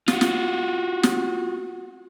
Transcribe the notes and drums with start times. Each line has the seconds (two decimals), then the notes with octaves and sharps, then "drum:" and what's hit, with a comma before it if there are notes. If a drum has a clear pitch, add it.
0.08 F4 F#4, drum: snare
0.21 drum: snare
1.03 drum: snare